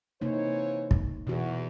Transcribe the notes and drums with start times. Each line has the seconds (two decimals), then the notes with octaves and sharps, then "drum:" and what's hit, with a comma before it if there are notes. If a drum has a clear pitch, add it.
0.21 C3 E3 A#3 D#4 C5 C#5
0.91 drum: kick
1.27 E2 B2 E3 F#4